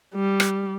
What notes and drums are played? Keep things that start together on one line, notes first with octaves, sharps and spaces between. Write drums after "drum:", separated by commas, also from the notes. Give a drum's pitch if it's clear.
G3
drum: rim click